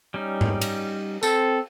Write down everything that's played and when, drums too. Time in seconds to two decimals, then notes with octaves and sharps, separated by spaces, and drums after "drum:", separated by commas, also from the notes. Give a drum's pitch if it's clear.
0.14 G3 C#4 D#4
0.41 drum: tom G#2
0.62 drum: cymbal
1.23 C4 A4, drum: tambourine